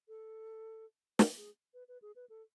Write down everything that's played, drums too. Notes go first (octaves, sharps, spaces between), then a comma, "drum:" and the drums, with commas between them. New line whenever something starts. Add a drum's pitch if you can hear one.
A4
B4, drum: snare
G#4
B4
B4
G#4
B4
A4